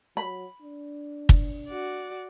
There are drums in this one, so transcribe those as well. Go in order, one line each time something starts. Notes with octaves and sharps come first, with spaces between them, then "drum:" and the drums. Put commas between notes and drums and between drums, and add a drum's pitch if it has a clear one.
F#3 B5
D4
drum: kick
F#4 D5